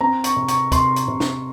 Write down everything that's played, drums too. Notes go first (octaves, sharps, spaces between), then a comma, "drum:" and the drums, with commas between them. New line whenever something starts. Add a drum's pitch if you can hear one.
C4 A#5
C#6, drum: hi-hat
C3
C#6, drum: hi-hat
C3 C6, drum: kick, hi-hat
drum: hi-hat
C3
drum: snare